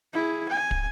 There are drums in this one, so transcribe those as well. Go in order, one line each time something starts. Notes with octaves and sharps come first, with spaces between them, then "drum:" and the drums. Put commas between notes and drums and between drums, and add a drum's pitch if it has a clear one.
E4 G#4
G#5
drum: kick